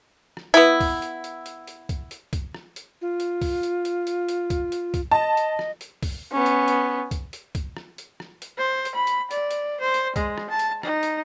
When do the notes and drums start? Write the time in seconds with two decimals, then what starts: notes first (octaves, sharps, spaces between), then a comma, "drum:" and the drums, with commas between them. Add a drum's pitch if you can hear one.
0.37 drum: rim click
0.54 B3 E4
0.80 drum: kick C2, open hi-hat
1.02 drum: hi-hat
1.24 drum: hi-hat
1.46 drum: hi-hat
1.67 drum: hi-hat
1.89 drum: kick C2, hi-hat
2.11 drum: hi-hat
2.33 drum: kick C2, hi-hat
2.54 drum: rim click
2.76 drum: hi-hat
3.02 F4
3.20 drum: hi-hat
3.42 drum: kick C2, open hi-hat
3.63 drum: hi-hat
3.85 drum: hi-hat
4.07 drum: hi-hat
4.29 drum: hi-hat
4.50 drum: kick C2, hi-hat
4.72 drum: hi-hat
4.94 drum: kick C2, hi-hat
5.11 D#5 A5
5.37 drum: hi-hat
5.59 drum: rim click
5.81 drum: hi-hat
6.03 drum: kick C2, open hi-hat
6.32 B3 C#4
6.46 drum: hi-hat
6.68 drum: hi-hat
7.11 drum: kick C2, hi-hat
7.33 drum: hi-hat
7.55 drum: kick C2, hi-hat
7.77 drum: rim click
7.98 drum: hi-hat
8.20 drum: rim click
8.42 drum: hi-hat
8.58 C5
8.85 drum: hi-hat
8.95 B5
9.07 drum: hi-hat
9.31 D5, drum: hi-hat
9.51 drum: hi-hat
9.80 C5
9.94 drum: hi-hat
10.16 G#3, drum: kick C2, hi-hat
10.38 drum: rim click
10.50 A5
10.59 drum: hi-hat
10.83 D#4, drum: rim click
11.03 drum: hi-hat